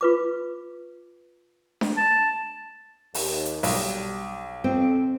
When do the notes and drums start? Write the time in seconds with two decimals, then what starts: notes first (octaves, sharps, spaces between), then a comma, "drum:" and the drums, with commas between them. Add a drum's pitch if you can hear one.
0.01 F4 B4 D6
1.81 drum: snare D4
1.97 A5
3.14 D#2, drum: open hi-hat
3.45 drum: hi-hat
3.63 B1 G3, drum: open hi-hat
4.64 F2 C4